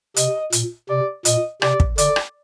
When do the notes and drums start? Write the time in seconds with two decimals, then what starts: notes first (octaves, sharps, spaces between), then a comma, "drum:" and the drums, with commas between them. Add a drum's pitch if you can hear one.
0.16 C3 D#5, drum: hi-hat
0.52 A#2, drum: hi-hat
0.89 C3 D5
1.25 A#2 D#5, drum: hi-hat
1.62 C3 D5, drum: rim click
1.80 drum: kick
1.98 D3 D5, drum: hi-hat
2.16 drum: rim click